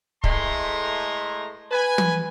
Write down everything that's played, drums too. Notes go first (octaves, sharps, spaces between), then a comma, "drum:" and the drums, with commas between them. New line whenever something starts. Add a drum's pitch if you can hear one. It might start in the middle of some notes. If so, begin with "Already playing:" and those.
A2 G#3 A3 B4 A#5 C6, drum: kick
B4 G#5
drum: tom